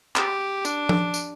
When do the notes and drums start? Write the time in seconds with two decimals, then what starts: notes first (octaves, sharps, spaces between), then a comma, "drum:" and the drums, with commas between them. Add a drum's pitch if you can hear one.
0.16 G4, drum: clap
0.65 D4, drum: tambourine
0.89 drum: tom F3
1.14 drum: tambourine